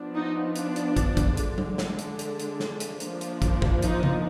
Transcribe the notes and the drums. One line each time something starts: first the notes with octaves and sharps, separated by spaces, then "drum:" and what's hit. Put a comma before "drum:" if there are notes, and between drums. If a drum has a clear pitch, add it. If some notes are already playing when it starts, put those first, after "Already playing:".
Already playing: F3 B3 D4
D#4
D4, drum: hi-hat
drum: hi-hat
drum: kick, hi-hat
drum: kick, hi-hat
D3 G#3 D4, drum: hi-hat
drum: tom F#3
drum: snare
drum: hi-hat
drum: hi-hat
drum: hi-hat
drum: snare
drum: hi-hat
F3 A#3 D4, drum: hi-hat
drum: hi-hat
drum: kick, hi-hat
drum: kick
D#4, drum: hi-hat
drum: tom C#3